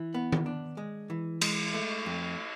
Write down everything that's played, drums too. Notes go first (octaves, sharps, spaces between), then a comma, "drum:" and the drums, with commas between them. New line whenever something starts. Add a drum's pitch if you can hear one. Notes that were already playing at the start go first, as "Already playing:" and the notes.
Already playing: E3
B3
drum: tom D#3
D4
G#3
E3
G#3, drum: cymbal
A3
F2